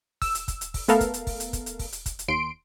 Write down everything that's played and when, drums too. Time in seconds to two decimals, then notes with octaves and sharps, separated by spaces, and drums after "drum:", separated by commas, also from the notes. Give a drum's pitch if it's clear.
0.22 E6, drum: kick, open hi-hat
0.35 drum: hi-hat
0.48 drum: kick, hi-hat
0.61 drum: hi-hat
0.74 drum: kick, open hi-hat
0.88 A3 B3 A4 A#4 F5, drum: hi-hat
1.00 drum: kick, hi-hat
1.14 drum: hi-hat
1.27 drum: kick, open hi-hat
1.40 drum: hi-hat
1.53 drum: kick, hi-hat
1.66 drum: hi-hat
1.79 drum: kick, open hi-hat
1.93 drum: hi-hat
2.06 drum: kick, hi-hat
2.19 drum: hi-hat
2.28 D#2 C6 D7